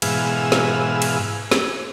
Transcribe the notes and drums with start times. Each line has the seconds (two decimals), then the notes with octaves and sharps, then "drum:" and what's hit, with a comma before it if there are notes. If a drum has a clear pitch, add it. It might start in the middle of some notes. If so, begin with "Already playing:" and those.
0.02 G#2 B2 E3 G#4 F5 E6, drum: cymbal
0.52 drum: snare
1.02 drum: cymbal
1.51 drum: snare